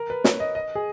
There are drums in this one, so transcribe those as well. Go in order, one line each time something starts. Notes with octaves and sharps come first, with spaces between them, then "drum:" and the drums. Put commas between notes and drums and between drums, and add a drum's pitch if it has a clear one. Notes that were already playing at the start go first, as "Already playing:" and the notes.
Already playing: A#4
B4
C#5, drum: snare
D#5
D#5
G#4